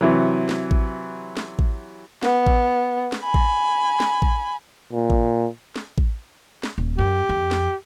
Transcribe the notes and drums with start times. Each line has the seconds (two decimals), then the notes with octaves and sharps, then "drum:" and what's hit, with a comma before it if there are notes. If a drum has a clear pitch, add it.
0.01 C3 E3 F#3
0.49 drum: snare
0.71 drum: kick A1
1.37 drum: snare
1.59 drum: kick A1
2.23 B3, drum: snare
2.46 drum: kick A1
3.12 drum: snare
3.23 G#5 B5
3.34 drum: kick A1
4.00 drum: snare
4.22 drum: kick A1
4.93 A#2
5.10 drum: kick A1
5.76 drum: snare
5.98 drum: kick A1
6.63 drum: snare
6.78 D#1
6.98 F#2 G4
7.29 F2
7.51 drum: snare